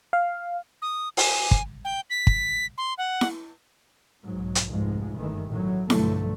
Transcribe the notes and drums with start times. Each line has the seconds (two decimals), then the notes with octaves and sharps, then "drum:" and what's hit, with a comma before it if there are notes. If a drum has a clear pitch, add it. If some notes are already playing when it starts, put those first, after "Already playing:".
0.13 F5
0.82 D#6
1.17 G#5, drum: open hi-hat
1.51 drum: kick
1.85 G5
2.10 B6
2.27 drum: kick
2.78 C6
2.98 F#5
3.21 drum: snare E4
4.23 B1 G#2 F#3
4.55 drum: hi-hat
4.69 F1 C2 G#2 F3 G#3
5.18 F#1 G2 D#3 E3 G#3 A3
5.47 A1 A2 F#3
5.90 B1 G2 D3 F3 F#3 A3, drum: snare E4